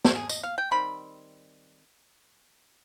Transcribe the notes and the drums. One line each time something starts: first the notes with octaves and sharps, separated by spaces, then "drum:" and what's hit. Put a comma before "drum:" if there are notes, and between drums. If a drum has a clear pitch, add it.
drum: snare
G#4
D#5, drum: tambourine
F5
G5
D#3 G3 C4 B5